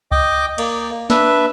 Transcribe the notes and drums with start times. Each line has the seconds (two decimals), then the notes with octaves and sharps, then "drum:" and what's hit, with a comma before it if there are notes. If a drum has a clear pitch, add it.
0.11 D#5 G5 D6, drum: kick C#2
0.58 A#3 D5, drum: cymbal
1.10 D4 B4 E5, drum: snare